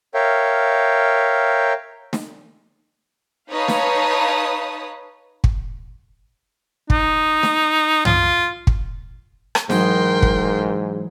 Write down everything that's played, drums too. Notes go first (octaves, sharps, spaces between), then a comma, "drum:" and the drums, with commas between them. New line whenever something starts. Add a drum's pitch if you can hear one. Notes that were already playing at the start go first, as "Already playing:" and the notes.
A#4 C#5 E5 F5 G5
drum: snare
D#4 B4 C#5 F5 A5 D#6
drum: snare
drum: kick
D#4, drum: kick
drum: snare
F4, drum: tom
drum: kick
drum: rim click
G#2 E3 F#3 D#4 A#4 G5 C6, drum: snare
drum: kick